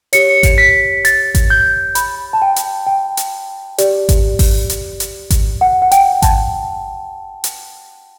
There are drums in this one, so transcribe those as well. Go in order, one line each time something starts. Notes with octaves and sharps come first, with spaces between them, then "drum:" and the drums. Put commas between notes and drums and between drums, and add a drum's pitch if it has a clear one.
G4 C#5 C#7, drum: hi-hat
drum: kick G#1, hi-hat
B6
A6, drum: hi-hat
drum: kick G#1, hi-hat
G6
B5, drum: hi-hat
A5
G5
drum: hi-hat
G5
drum: hi-hat
G4 D5, drum: hi-hat
drum: kick G#1, hi-hat
drum: kick G#1, open hi-hat
drum: hi-hat
drum: hi-hat
drum: kick G#1, hi-hat
F#5
F#5
G5, drum: hi-hat
A5, drum: kick G#1, hi-hat
drum: hi-hat